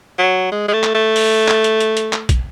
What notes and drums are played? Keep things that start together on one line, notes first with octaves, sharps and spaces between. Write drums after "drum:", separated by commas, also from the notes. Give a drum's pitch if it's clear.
F#3
G#3
G#3
A3
drum: clap
A3
drum: open hi-hat
drum: clap
drum: hi-hat
drum: hi-hat
drum: hi-hat
drum: clap
drum: kick, hi-hat